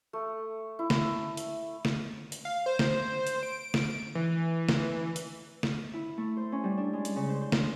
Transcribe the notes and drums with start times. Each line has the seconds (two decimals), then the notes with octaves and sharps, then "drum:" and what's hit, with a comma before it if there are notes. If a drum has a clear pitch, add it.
0.13 A3
0.79 E4
0.90 drum: snare
1.37 drum: hi-hat
1.85 drum: snare
2.32 drum: hi-hat
2.45 F5
2.66 C5
2.79 drum: snare
3.27 drum: hi-hat
3.43 D7
3.74 drum: snare
4.15 E3
4.69 drum: snare
5.16 drum: hi-hat
5.63 drum: snare
5.93 E4
6.17 A3
6.37 C5
6.52 C#4
6.64 G3
6.77 D4
6.93 G#3
7.05 drum: hi-hat
7.16 C#3
7.29 C5
7.42 C5
7.52 drum: snare